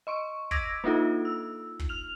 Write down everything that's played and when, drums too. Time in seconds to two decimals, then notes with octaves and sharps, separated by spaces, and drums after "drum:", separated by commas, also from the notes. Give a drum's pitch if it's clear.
0.07 D#5 C6 C#6
0.51 D6 E6 G#6 A#6 B6 D7, drum: kick
0.84 A#3 D4 D#4 F4 A4
1.25 E6
1.79 drum: kick
1.89 F6 F7